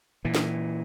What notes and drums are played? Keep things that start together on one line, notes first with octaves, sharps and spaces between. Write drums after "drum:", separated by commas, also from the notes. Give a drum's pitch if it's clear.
A#2 E3
drum: snare